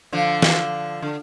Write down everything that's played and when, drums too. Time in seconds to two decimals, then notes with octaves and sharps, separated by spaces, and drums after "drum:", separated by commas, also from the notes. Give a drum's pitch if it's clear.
0.13 D3 F3
0.42 drum: snare
1.02 D3